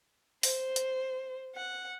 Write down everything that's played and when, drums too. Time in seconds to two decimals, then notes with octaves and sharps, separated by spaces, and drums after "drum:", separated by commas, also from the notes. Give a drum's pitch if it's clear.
0.43 C5, drum: open hi-hat
0.76 drum: hi-hat
1.55 F#5